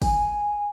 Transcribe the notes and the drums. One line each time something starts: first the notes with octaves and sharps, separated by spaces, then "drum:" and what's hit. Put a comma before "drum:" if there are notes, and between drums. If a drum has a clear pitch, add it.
G#5, drum: kick, open hi-hat